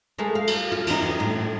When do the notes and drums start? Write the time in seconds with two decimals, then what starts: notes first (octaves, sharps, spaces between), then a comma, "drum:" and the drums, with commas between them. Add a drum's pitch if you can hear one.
0.19 G#3 A3 A#4
0.35 F5
0.47 drum: cymbal
0.72 F4
0.87 E2 D#4, drum: cymbal
1.02 D#4
1.20 A2